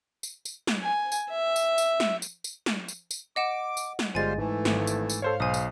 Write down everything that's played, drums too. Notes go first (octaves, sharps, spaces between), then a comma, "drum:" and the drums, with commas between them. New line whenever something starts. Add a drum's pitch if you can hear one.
drum: tambourine
drum: tambourine
drum: snare
G#5
drum: tambourine
E5
drum: tambourine
drum: tambourine
drum: snare
drum: tambourine
drum: tambourine
drum: snare
drum: tambourine
drum: tambourine
D#5 F#5 D6 E7
drum: tambourine
drum: snare
G1 G3 G#3 F4 C5 G#5 A6
G#2 E3 A3
G#1, drum: snare
drum: tambourine
drum: tambourine
A4 C5 C#5 F5
B1 C5 G#5 D#6
drum: tambourine